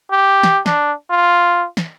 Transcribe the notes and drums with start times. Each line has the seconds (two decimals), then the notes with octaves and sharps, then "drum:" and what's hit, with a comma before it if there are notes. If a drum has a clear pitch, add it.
0.11 G4
0.43 drum: snare
0.66 D4, drum: snare
1.10 F4
1.77 drum: snare